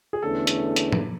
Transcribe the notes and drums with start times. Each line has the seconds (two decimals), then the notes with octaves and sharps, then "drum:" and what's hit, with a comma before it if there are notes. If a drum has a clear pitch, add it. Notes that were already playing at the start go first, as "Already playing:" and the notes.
0.13 G#4
0.22 E2 D3 A3 C#4 A4
0.47 drum: hi-hat
0.76 drum: hi-hat
0.93 drum: tom